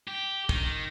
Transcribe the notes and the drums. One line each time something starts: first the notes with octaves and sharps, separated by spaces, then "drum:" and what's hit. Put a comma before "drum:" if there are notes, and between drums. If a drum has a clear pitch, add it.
G4
D#3, drum: kick